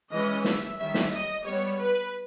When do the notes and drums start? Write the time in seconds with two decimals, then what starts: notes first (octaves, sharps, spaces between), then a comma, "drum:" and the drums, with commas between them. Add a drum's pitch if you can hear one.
0.11 E3 G#3 C#4 D#5
0.44 E5, drum: snare
0.78 D#3 G3 C#4 E5
0.94 drum: snare
1.11 D#5
1.44 G3 B3 C#5
1.78 B4